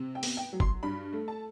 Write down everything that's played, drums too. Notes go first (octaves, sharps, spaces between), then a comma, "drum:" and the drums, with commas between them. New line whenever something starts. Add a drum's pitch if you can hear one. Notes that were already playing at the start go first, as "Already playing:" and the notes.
Already playing: C3 C4
G5
B3, drum: open hi-hat
G5
F#3
C6, drum: kick G1
G2 B5
A3
A5